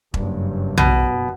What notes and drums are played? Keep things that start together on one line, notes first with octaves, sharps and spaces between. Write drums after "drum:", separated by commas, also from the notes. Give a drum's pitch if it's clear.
F#1 G2, drum: kick E1
B2, drum: tom B1